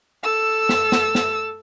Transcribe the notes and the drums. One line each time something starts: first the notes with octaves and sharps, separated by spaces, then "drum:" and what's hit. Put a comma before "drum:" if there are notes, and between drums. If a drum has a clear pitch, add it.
A4 E6
drum: snare
drum: snare
drum: snare